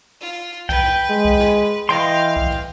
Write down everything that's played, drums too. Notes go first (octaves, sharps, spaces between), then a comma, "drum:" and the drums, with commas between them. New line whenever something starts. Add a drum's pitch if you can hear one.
F4
B4 G5, drum: kick B1
drum: snare
G#3
drum: kick B1
drum: snare
E3 D#5 F5 G5 C6
drum: kick B1
drum: snare